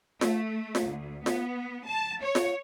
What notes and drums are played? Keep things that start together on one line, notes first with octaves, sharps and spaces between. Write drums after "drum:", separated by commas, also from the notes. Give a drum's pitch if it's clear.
A3, drum: snare F4
drum: snare F4
D2
B3, drum: snare F4
A5
C#5
drum: snare F4